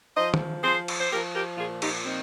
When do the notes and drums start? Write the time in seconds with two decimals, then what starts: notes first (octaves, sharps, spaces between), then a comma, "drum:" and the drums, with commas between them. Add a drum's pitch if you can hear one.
0.16 F3 C5 D#5
0.34 drum: tom
0.63 F3 G#4 C5
0.88 drum: cymbal
1.00 C5
1.11 F3 G4 A#4
1.34 G4 A#4
1.58 A#2 F4 G#4
1.82 D#4 G4, drum: cymbal
2.05 F3 C4 D#4